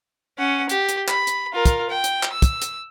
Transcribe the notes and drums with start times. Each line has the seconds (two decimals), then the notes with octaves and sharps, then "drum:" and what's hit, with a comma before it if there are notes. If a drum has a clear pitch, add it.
0.38 C#4 F#5
0.69 G4, drum: hi-hat
0.89 drum: hi-hat
1.08 B5, drum: clap
1.27 drum: hi-hat
1.53 F4 A#4
1.65 drum: kick, hi-hat
1.90 G5
2.04 drum: hi-hat
2.23 drum: clap
2.33 E6
2.42 drum: kick, hi-hat
2.62 drum: hi-hat